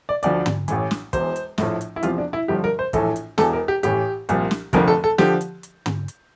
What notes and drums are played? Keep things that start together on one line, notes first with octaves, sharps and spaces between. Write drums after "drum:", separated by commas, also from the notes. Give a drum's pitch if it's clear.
D5
D2 D3 F3 D5, drum: hi-hat
drum: tom
A1 A2 E3, drum: hi-hat
drum: snare
E1 E2 E3 C5, drum: kick, hi-hat
drum: hi-hat
A#1 A2 F3, drum: snare
drum: hi-hat
E4
E2 C3 F3 F4, drum: hi-hat
D4
E4
G1 G2 D3 F3 G4
A#4
C5
A#1 A2 E3 A4, drum: kick, hi-hat
drum: hi-hat
E1 E2 E3 A4, drum: snare
A#4
G4
A1 A2 E3 G4, drum: hi-hat
C2 A#2 F3, drum: hi-hat
drum: snare
F1 F2 D3 F3 A#4, drum: kick, hi-hat
A4
A4
D3 F3 G4, drum: snare
drum: hi-hat
drum: hi-hat
drum: tom
drum: hi-hat